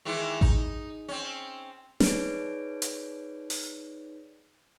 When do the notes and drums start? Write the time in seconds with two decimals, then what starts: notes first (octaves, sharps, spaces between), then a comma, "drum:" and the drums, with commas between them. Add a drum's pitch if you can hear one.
0.05 D#3 E3 G#3
0.41 D#4, drum: kick A1
1.08 C4 C#4
2.00 D#4 G#4 B4 C#5 D5 D7, drum: snare
2.82 drum: hi-hat
3.50 drum: open hi-hat